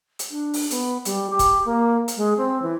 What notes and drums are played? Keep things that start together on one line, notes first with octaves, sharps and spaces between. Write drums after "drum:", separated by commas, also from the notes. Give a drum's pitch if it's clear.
drum: hi-hat
D4
drum: open hi-hat
B3, drum: hi-hat
G3, drum: hi-hat
G4
drum: kick, hi-hat
A#3
drum: hi-hat
G#3
C4
E3